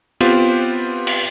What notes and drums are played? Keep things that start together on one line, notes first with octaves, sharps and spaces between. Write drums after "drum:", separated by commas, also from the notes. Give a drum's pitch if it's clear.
B3 C4 F4 G4 B4, drum: cymbal
drum: cymbal